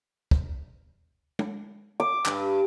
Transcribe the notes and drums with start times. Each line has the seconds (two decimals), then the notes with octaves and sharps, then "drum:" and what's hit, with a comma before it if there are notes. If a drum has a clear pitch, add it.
0.31 drum: kick
1.39 drum: tom
2.00 D6
2.26 G2, drum: clap